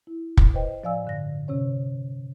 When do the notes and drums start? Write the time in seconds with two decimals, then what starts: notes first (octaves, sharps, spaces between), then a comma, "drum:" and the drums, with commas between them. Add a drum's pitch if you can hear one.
0.07 E4
0.37 drum: kick
0.54 B4 C5 D#5 G5
0.83 A2 F3 D5 F5 G#5 E6
1.05 G2 D3 A#6
1.48 C3 C#4 C#5